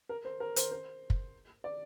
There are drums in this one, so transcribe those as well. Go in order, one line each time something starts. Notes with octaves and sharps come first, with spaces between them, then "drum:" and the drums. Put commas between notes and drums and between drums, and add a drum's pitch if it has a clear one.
A#4
C5
A#4
C5, drum: hi-hat
C5
drum: kick
D5